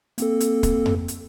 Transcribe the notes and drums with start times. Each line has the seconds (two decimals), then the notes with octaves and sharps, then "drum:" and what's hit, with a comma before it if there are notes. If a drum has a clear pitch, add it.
0.18 A#3 C4 A4, drum: hi-hat
0.40 drum: hi-hat
0.63 drum: kick, hi-hat
0.86 drum: tom F2
1.08 drum: hi-hat